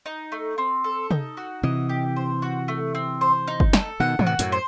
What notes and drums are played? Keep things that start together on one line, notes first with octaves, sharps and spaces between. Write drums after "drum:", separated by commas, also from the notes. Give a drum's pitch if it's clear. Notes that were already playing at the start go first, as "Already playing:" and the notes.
D#4
A3
C4
A4
D#4, drum: tom
F#4
C3 E3 D#5
G4
C5
F#4
A3
C4
C5
D#4
drum: kick G1
A4, drum: snare
B2 D#3 F#5
A2 C3, drum: tom
F#4
F#2 A2, drum: hi-hat
C5